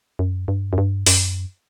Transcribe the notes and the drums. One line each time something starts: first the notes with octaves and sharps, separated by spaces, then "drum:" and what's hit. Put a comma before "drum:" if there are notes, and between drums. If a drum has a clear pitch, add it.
F#2
G2
F#2
G2
F#2, drum: open hi-hat